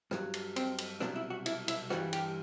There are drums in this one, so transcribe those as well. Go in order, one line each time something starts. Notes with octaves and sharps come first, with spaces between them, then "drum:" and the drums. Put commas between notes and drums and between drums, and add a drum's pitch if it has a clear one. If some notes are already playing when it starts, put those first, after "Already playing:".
G2 F#3, drum: rim click
drum: cymbal
C4, drum: cymbal
drum: cymbal
C2 B2 F#3 D4, drum: rim click
E4
F#4
E4, drum: cymbal
E4, drum: cymbal
G2 E3 G3 F#4, drum: rim click
G4, drum: cymbal